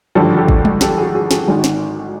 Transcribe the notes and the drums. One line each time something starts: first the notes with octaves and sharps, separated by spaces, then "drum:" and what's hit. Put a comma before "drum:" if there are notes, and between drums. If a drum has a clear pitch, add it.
G#1 G2 D3 F3 G4 A4
G4 A4
drum: kick G#1
drum: tom G3
G4 A4, drum: snare
F#4 G#4
F#4 G#4
F#4 G#4, drum: snare
G#1 G#2 D#3 G#3 F#4 G#4
drum: snare